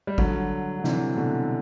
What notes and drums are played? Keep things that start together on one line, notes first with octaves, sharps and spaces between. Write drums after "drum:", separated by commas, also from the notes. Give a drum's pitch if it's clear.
G3
D3 F#3, drum: kick G#1
D3
C3 E3, drum: snare
B2 D3